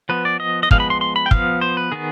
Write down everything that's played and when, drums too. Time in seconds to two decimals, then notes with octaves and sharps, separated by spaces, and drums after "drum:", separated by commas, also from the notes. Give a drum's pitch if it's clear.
0.09 F3 B3 B4
0.25 D5
0.40 D#5
0.63 D#5
0.71 F3 G#3 B3 F5, drum: kick
0.80 B5
0.90 C6
1.01 C6
1.16 B5
1.26 G5
1.31 F3 B3 F5, drum: kick
1.61 C5
1.77 B4
1.92 D#3 B3 G#4